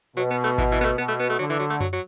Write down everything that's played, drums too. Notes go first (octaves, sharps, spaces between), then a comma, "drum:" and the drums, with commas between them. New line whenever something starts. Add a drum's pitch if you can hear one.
B2 F#3
B3
A3
E3, drum: kick G#1
E3
B3
A3
B2 B3
A3
B3
A3
D3 F#3
E3
F#3
A3
F#3, drum: tom F#2
F#3